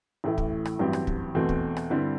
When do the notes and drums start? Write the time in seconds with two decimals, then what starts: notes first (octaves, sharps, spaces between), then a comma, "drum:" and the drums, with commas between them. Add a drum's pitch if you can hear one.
0.24 A1 A2 E3 A3
0.38 drum: kick
0.65 drum: rim click
0.79 A1 G2 F#3 C4 G4
0.93 drum: rim click
1.07 drum: kick
1.35 E2 B2 A3 C4
1.49 drum: kick
1.77 drum: rim click
1.90 G2 D3 G3 C4 E4